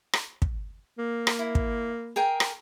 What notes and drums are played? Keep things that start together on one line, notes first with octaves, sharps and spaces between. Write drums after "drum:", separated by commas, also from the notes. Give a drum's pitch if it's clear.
drum: rim click
drum: kick
A#3
drum: rim click
E4
drum: kick
G#4 A#4 G5
drum: rim click